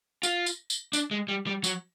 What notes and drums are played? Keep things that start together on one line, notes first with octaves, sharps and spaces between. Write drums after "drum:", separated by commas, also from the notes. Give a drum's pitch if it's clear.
F4, drum: tambourine
drum: tambourine
drum: tambourine
D4, drum: tambourine
G#3
G3
G3
F#3, drum: tambourine